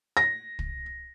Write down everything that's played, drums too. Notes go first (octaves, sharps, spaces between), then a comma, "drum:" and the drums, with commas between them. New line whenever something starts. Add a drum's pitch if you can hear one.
A#6
drum: kick